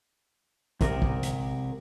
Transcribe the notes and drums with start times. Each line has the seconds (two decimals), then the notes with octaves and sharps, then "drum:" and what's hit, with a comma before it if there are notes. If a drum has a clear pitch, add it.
0.81 C3 A#4, drum: kick, hi-hat
1.02 drum: kick
1.23 drum: hi-hat